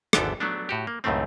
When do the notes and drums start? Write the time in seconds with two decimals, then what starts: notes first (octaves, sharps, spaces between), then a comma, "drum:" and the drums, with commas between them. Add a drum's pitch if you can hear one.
0.13 G#1 E2 D3 B3 A4 G5, drum: rim click
0.40 F#3 A3 B3 D4
0.69 A2 F#4 G4
0.87 A#3
1.04 C#2 F#2 A2 D#3 A3 C4